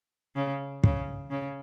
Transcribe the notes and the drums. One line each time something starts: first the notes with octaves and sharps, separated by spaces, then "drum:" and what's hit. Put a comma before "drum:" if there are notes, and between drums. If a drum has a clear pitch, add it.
C#3
C#3, drum: kick
C#3